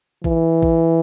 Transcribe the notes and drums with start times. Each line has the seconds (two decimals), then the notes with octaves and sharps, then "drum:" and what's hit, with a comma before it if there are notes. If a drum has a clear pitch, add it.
0.24 E3, drum: kick A#1
0.62 drum: kick A#1